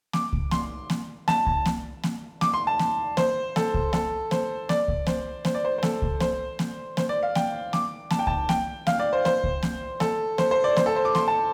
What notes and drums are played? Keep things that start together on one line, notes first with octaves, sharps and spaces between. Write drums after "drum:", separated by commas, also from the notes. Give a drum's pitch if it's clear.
D6, drum: snare A#3
drum: kick C#2
C6, drum: snare A#3
drum: snare A#3
A5, drum: snare A#3
drum: kick C#2
drum: snare A#3
drum: snare A#3
D6, drum: snare A#3
C6
A5
drum: snare A#3
C5, drum: snare A#3
A4, drum: snare A#3
drum: kick C#2
A4, drum: snare A#3
C5, drum: snare A#3
D5, drum: snare A#3
drum: kick C#2
C5, drum: snare A#3
C5, drum: snare A#3
D5
C5
C5
A4, drum: snare A#3
drum: kick C#2
C5, drum: snare A#3
drum: snare A#3
C5, drum: snare A#3
D5
F5
G5, drum: snare A#3
D6, drum: snare A#3
A5, drum: snare A#3
G5
A5, drum: kick C#2
G5, drum: snare A#3
F5, drum: snare A#3
D5
C5
C5, drum: snare A#3
drum: kick C#2
drum: snare A#3
A4, drum: snare A#3
C5, drum: snare A#3
C5
D5
C5, drum: snare A#3
A4
C5
D6
C6, drum: snare A#3
A5